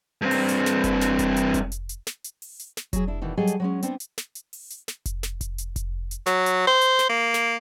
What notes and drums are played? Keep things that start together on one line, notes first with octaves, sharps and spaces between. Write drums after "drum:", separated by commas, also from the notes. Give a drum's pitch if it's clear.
G2 C4
drum: open hi-hat
drum: hi-hat
drum: snare
drum: kick F1, hi-hat
drum: snare
drum: kick F1, hi-hat
drum: hi-hat
drum: kick F1, hi-hat
drum: hi-hat
drum: hi-hat
drum: snare
drum: hi-hat
drum: open hi-hat
drum: hi-hat
drum: snare
F#3 G#4, drum: kick F1, hi-hat
D4 E4
B2 D#3 E3
F#3 G3 G#4 A4 D#5
drum: hi-hat
F#3 G#3 C#4
B3 C4 D4, drum: hi-hat
drum: hi-hat
drum: snare
drum: hi-hat
drum: open hi-hat
drum: hi-hat
drum: snare
drum: kick F1, hi-hat
drum: snare
drum: kick F1, hi-hat
drum: hi-hat
drum: kick F1, hi-hat
drum: hi-hat
F#3, drum: snare
drum: hi-hat
C5
drum: hi-hat
drum: snare
A#3
drum: snare